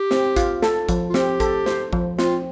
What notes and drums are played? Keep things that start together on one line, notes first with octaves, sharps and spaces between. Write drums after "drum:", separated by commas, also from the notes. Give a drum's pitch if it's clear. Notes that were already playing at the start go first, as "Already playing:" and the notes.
Already playing: G4
C4, drum: snare
F4, drum: kick A1, hi-hat
A4, drum: snare
F3, drum: kick A1, hi-hat
F4
C4 G4, drum: snare
A4, drum: kick A1, hi-hat
C5, drum: snare
F3, drum: kick A1
C4 F4, drum: snare